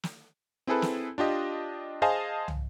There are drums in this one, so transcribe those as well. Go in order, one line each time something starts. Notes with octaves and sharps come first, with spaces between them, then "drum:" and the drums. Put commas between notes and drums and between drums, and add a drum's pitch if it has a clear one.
drum: snare
C4 E4 G#4 A4 B4
drum: snare
D4 F4 G4 D#5
G#4 C5 D#5 F5 G#5 A5
drum: tom